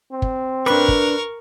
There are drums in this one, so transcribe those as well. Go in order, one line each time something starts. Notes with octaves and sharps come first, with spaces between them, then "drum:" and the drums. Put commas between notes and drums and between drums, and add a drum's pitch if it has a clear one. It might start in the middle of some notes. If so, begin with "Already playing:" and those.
C4
drum: kick
D4 A#4 B4 C#6, drum: rim click
drum: kick